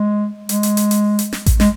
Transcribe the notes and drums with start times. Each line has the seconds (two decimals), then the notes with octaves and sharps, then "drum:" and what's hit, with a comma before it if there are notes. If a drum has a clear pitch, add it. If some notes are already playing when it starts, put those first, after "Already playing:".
Already playing: G#3
0.49 G#3, drum: hi-hat
0.63 drum: hi-hat
0.77 drum: hi-hat
0.91 drum: hi-hat
1.19 drum: hi-hat
1.33 drum: snare
1.46 drum: kick A1, hi-hat
1.60 G#3, drum: snare